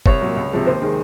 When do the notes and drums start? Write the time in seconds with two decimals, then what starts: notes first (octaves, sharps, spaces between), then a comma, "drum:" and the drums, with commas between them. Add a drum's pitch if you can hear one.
0.06 C2 C#5, drum: kick
0.21 A#2 F#3
0.36 C#2
0.52 C3 F3 G#3
0.66 D#2 C5
0.81 D#3 G#3 G#4